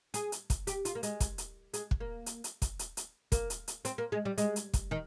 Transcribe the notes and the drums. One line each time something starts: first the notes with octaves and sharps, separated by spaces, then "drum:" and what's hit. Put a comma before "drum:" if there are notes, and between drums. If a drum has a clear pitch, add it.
G#4, drum: hi-hat
drum: hi-hat
drum: kick, hi-hat
G4, drum: hi-hat
F4, drum: hi-hat
A#3
G#3, drum: hi-hat
drum: kick, hi-hat
drum: hi-hat
G#3, drum: hi-hat
drum: kick
A#3
drum: hi-hat
drum: hi-hat
drum: kick, hi-hat
drum: hi-hat
drum: hi-hat
A#3, drum: kick, hi-hat
drum: hi-hat
drum: hi-hat
C4, drum: hi-hat
A#3
G#3
G3
G#3, drum: hi-hat
drum: hi-hat
drum: kick, hi-hat
D#3